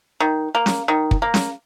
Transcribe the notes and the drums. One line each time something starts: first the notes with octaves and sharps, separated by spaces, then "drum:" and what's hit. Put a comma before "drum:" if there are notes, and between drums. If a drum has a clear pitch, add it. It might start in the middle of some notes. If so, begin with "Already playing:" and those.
D#3
A#3
drum: snare C#4
D#3
drum: kick
A#3
drum: snare C#4